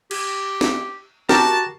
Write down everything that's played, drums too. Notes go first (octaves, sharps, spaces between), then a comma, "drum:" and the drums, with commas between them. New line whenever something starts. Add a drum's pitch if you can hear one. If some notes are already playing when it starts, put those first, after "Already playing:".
G4, drum: cymbal
drum: snare
F#4 G4 A#4 A5, drum: snare